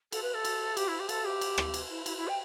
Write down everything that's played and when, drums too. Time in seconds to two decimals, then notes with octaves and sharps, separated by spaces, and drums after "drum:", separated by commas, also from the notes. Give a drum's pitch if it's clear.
0.12 A4, drum: cymbal
0.22 B4
0.34 A4
0.45 drum: cymbal
0.77 G4, drum: cymbal
0.88 E4
1.00 G4
1.09 A4, drum: cymbal
1.25 G4
1.41 drum: cymbal
1.58 drum: rim click
1.74 drum: cymbal
1.90 E4
2.06 E4, drum: cymbal
2.17 E4
2.28 G5